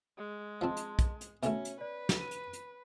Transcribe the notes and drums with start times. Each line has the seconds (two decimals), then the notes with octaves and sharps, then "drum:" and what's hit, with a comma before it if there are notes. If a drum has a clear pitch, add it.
0.18 G#3
0.61 F3 C4 D#5 A5 C6
0.77 drum: hi-hat
0.99 drum: kick, hi-hat
1.21 drum: hi-hat
1.43 B2 D3 A3 C#4 F#4 E5 G#5, drum: hi-hat
1.65 drum: hi-hat
1.81 B4 D5
2.09 drum: snare
2.21 D#7
2.31 drum: hi-hat
2.53 drum: hi-hat